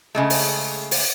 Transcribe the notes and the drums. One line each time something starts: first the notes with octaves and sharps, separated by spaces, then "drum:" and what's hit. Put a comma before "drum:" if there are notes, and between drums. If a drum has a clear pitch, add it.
C#3 G#3 A3
drum: open hi-hat
drum: open hi-hat